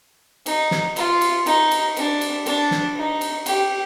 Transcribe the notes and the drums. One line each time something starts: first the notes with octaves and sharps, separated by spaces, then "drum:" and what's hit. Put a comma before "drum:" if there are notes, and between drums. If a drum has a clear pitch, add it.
D#4, drum: cymbal
drum: snare
F4, drum: cymbal
drum: cymbal
D#4, drum: cymbal
drum: cymbal
D4, drum: cymbal
drum: cymbal
D4, drum: cymbal
drum: snare
D#4
drum: cymbal
G4, drum: cymbal